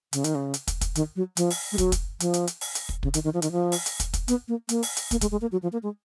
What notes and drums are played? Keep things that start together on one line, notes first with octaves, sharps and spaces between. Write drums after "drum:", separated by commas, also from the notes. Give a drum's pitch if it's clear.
C#3, drum: hi-hat
D#3, drum: hi-hat
C#3
drum: hi-hat
drum: kick, hi-hat
drum: kick, hi-hat
D#3, drum: hi-hat
F#3
F3, drum: hi-hat
drum: open hi-hat
G#3
F#3, drum: kick, hi-hat
drum: kick, hi-hat
F3, drum: hi-hat
drum: hi-hat
drum: hi-hat
drum: open hi-hat
drum: hi-hat
drum: kick
C#3, drum: kick
D#3, drum: hi-hat
D#3
F3
D#3, drum: hi-hat
F3
drum: open hi-hat
drum: hi-hat
drum: kick, hi-hat
drum: kick, hi-hat
B3, drum: hi-hat
A#3
A#3, drum: hi-hat
drum: open hi-hat
drum: hi-hat
A#3, drum: kick, hi-hat
G#3, drum: kick, hi-hat
G#3
A#3
F#3
F3
A#3
G#3